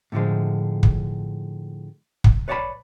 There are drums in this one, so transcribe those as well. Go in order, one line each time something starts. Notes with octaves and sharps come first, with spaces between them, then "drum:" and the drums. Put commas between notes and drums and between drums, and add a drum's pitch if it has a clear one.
A2 D3 F3 G#3
drum: kick
drum: kick
B4 C#5 D5 F5 A5 B5